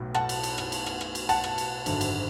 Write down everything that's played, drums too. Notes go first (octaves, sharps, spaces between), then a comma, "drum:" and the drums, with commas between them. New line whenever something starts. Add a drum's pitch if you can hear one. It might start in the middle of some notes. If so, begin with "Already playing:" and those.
Already playing: B1 A2 F#3 B3
F#5 A5, drum: rim click
drum: cymbal
drum: cymbal
drum: rim click
drum: cymbal
drum: rim click
drum: rim click
drum: cymbal
F#5 A5, drum: cymbal
drum: rim click
drum: cymbal
G#1 F#2 D3, drum: cymbal
drum: cymbal